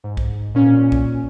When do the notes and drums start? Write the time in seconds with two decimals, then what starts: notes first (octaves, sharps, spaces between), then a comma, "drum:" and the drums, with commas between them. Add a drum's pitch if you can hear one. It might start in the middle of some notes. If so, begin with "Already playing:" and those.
0.04 G#2
0.17 drum: kick
0.55 A#2 C#4
0.92 drum: kick